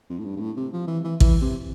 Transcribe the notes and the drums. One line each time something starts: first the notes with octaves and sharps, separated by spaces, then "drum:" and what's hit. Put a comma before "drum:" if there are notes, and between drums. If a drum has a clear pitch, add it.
F2
A2
G2
G2
A2
C3
F3
E3
E3
E3, drum: kick A1
C3